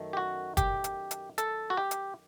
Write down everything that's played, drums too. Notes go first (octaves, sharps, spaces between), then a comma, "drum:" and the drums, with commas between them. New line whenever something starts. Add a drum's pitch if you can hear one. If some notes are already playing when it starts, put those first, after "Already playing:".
Already playing: F#2 D#3 A3
G4
F#4
G4, drum: kick, hi-hat
drum: hi-hat
drum: hi-hat
A4, drum: hi-hat
F#4
G4
drum: hi-hat